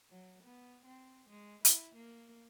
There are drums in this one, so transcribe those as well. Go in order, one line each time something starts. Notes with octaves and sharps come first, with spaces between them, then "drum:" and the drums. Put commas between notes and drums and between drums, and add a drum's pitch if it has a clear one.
F#3
B3
C4
G#3
E4, drum: hi-hat
A#3